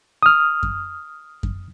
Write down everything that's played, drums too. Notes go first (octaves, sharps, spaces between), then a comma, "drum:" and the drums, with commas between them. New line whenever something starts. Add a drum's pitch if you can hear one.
D#6 F6
drum: kick F#2
drum: kick F#2